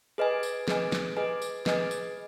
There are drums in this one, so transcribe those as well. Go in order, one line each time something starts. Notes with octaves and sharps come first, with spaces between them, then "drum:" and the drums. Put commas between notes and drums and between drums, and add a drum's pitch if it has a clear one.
G#4 B4 D#5 G#5
drum: tambourine
G#4 B4 D#5 G#5, drum: snare
drum: snare
G#4 B4 D#5 G#5
drum: tambourine
G#4 B4 D#5 G#5, drum: snare
drum: tambourine